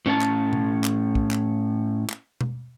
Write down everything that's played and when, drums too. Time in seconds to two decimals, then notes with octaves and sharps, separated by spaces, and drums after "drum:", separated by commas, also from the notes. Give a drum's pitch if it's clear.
0.06 A2 C#4 C5 A5
0.21 drum: clap
0.53 drum: tom B2
0.84 drum: clap
1.15 drum: kick
1.31 drum: clap
2.09 drum: clap
2.41 drum: tom B2